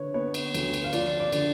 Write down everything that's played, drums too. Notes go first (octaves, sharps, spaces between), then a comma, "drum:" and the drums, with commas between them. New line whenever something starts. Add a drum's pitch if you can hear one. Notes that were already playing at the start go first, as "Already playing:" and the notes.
Already playing: D3 B4 C#5
B3 C#5
drum: cymbal
D2, drum: cymbal
drum: cymbal
F5
F3 D5, drum: cymbal
D5
D3, drum: cymbal